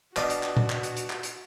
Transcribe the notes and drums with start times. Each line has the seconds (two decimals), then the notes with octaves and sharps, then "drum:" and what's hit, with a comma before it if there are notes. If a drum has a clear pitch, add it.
0.17 B2 D4 F#4 D#5 F5, drum: clap
0.30 drum: hi-hat
0.43 drum: clap
0.57 drum: tom A#2
0.70 drum: clap
0.83 drum: hi-hat
0.97 drum: hi-hat
1.10 drum: clap
1.23 drum: hi-hat